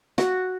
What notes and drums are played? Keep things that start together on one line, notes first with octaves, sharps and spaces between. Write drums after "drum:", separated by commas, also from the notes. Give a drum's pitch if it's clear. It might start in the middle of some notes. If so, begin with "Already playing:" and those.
F#4, drum: snare